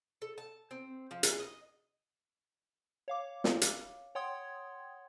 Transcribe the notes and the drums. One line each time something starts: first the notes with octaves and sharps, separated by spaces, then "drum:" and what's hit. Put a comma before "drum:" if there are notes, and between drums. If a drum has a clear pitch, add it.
A4
A5
C4
F3
G#4, drum: hi-hat
D#5
C#5 F5 D6
drum: snare
drum: hi-hat
C#5 F#5 G5 C6 D#6 G#6